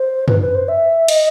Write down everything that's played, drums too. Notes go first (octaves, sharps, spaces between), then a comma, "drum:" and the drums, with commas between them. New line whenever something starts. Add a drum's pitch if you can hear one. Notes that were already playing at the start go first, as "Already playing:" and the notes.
Already playing: C5
B4, drum: tom
B4
C5
E5
D#5, drum: cymbal